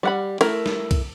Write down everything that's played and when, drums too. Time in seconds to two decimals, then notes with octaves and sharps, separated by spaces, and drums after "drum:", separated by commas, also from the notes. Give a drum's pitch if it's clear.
0.03 G3 F#5 B5
0.41 A3 E4 A#4, drum: cymbal
0.66 drum: snare
0.91 drum: kick C2, cymbal